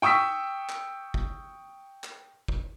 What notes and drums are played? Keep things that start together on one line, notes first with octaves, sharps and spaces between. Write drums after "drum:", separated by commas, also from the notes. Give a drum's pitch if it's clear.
G5 C#6 D#6 E6 B6
drum: clap
drum: kick G1
drum: clap
drum: kick G1